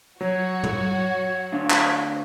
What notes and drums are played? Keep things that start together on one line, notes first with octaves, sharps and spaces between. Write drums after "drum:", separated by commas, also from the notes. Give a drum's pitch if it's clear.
F#3 F#4 C#5
drum: tom
D2 D4 F5
drum: clap